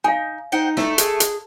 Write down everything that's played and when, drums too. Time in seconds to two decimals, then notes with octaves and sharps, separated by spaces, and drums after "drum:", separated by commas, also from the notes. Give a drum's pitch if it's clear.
0.04 D#4 F5 G#5
0.52 D#4 C5 F#5 G5
0.77 A3, drum: snare
0.98 G#4, drum: hi-hat
1.20 drum: hi-hat